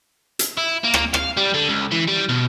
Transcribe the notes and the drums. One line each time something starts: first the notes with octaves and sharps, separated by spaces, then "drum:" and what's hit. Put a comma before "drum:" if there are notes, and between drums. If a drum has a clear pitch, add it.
drum: hi-hat
E4
A#3
drum: rim click
F5, drum: rim click
G3
D3
C#2
E3
G3
B2